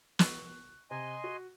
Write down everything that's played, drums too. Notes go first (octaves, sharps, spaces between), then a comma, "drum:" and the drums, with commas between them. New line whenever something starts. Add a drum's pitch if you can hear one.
C#6 F#6, drum: snare
C3 D#5 G#5 C6
F#4